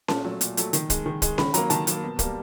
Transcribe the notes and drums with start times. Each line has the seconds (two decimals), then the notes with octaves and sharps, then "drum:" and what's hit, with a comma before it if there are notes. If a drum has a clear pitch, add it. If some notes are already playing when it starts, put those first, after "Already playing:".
0.08 A#2 A5, drum: snare C#4
0.24 F#3 A3
0.41 A#2, drum: hi-hat
0.57 F#3 A3, drum: hi-hat
0.73 D#3, drum: hi-hat
0.90 G#3, drum: kick, hi-hat
1.06 D#3
1.22 G#3, drum: kick, hi-hat
1.38 D#3 B5, drum: snare C#4
1.54 F#3 A#3 A#5, drum: hi-hat
1.70 D#3 A5, drum: hi-hat
1.87 F#3 A#3, drum: hi-hat
2.04 B2
2.19 G3 A#3, drum: kick, hi-hat